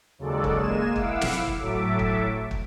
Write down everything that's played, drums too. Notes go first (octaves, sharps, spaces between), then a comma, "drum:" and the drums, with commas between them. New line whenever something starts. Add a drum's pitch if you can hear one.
D#2 C#3 F#3 G#3 A4 D5
drum: kick
G#3 A#3 G#4 G#5 E7
E4 F5 F#5 D6 E6, drum: kick
drum: snare
drum: kick
A2 F#3 A4 E5 D6
drum: kick
drum: kick